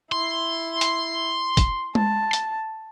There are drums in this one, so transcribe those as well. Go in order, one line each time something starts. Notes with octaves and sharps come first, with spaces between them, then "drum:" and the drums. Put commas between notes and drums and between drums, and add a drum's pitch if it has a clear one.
E4 C6
drum: hi-hat
drum: kick, hi-hat
A5, drum: tom G#3
drum: hi-hat